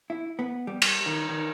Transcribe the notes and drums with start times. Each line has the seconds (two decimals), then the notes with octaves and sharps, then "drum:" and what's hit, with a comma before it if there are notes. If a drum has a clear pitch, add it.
0.10 E4
0.39 B3
0.67 G3
0.82 drum: cymbal
1.06 D#3
1.29 D#3